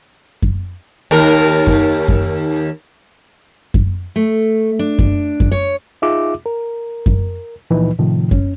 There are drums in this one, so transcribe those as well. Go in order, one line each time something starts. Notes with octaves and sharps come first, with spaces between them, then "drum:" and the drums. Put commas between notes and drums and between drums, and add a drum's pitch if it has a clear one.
drum: kick F#2
D#2 A#4
drum: kick F#2
drum: kick F#2
drum: kick F#2
A3
D4
drum: kick F#2
drum: kick F#2
C#5
D#4 F4 G#4 E5 D6
A#4
drum: kick F#2
C#2 A#2 E3 F3 D#4 B4
A2 C3 D#3 F3
C#4, drum: kick F#2